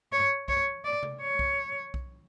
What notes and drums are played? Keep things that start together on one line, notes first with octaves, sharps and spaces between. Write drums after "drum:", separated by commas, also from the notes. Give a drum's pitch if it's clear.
C#5
C#5, drum: kick B1
D5
drum: tom C3
C#5
drum: kick B1
drum: kick B1